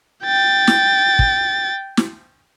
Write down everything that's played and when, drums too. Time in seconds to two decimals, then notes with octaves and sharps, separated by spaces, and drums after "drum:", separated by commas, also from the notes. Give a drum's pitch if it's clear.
0.24 G5 A6
0.67 drum: snare
1.19 drum: kick
1.97 drum: snare